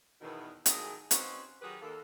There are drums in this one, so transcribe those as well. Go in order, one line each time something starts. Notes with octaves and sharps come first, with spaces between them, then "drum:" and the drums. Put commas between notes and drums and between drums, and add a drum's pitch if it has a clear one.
E2 B2 D#3
A2 D#3 F#3 G#4, drum: hi-hat
C4 C#4 D#4 F#4 B4 C5, drum: hi-hat
D#3 F#3 G4 G#4 B4
D#2 A#3 A4